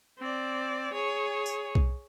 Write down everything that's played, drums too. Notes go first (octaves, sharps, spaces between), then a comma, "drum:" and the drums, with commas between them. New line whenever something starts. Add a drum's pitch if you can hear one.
C4 D5
G#4 C#5
drum: tambourine
drum: kick B1